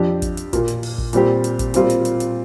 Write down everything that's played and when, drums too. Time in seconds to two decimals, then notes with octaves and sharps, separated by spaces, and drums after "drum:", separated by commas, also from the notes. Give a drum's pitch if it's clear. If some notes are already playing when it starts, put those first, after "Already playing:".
Already playing: F2 F3 D4 G4
0.22 drum: kick, hi-hat
0.37 drum: hi-hat
0.53 A#2 A#3 F4, drum: kick, hi-hat
0.68 drum: hi-hat
0.83 drum: open hi-hat
0.98 drum: kick
1.13 A#2 G3 C4 G4, drum: hi-hat
1.44 drum: hi-hat
1.59 drum: kick, hi-hat
1.74 A#2 G3 C4 F4, drum: hi-hat
1.90 drum: hi-hat
2.05 drum: hi-hat
2.20 drum: hi-hat